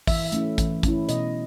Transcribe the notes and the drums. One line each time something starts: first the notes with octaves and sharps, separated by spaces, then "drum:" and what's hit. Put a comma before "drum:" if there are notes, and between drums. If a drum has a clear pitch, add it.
E3 E5, drum: kick, open hi-hat
A3 C#4 E4, drum: hi-hat
E3, drum: kick, hi-hat
A3 C#4 E4, drum: kick, hi-hat
B2 D#5, drum: hi-hat